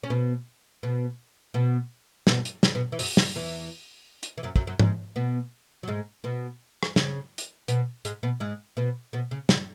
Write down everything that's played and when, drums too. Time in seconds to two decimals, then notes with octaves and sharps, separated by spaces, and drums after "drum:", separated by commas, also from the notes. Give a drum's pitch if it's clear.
0.03 C#4
0.10 B2 B3
0.83 B2 B3
1.54 B2 B3
2.27 B2 B3, drum: snare
2.45 drum: hi-hat
2.63 C#3 C#4, drum: snare
2.75 B2 B3
2.92 E3
2.99 F#2 F#3, drum: open hi-hat
3.17 C#3, drum: snare
3.35 E2 E3
4.23 drum: hi-hat
4.38 E3
4.43 F#2 F#3
4.56 F#2 F#3, drum: kick
4.67 F#2 F#3
4.79 G#2 G#3, drum: tom G#2
5.16 B2 B3
5.83 F#3
5.88 G#2 G#3
6.24 B2 B3
6.83 drum: rim click
6.96 C#3 C#4, drum: snare
7.38 drum: hi-hat
7.68 B2 B3, drum: hi-hat
8.05 G#2 G#3, drum: hi-hat
8.23 B2 B3
8.40 G#2 G#3
8.77 B2 B3
9.13 B2 B3
9.31 C#3
9.49 C#3, drum: snare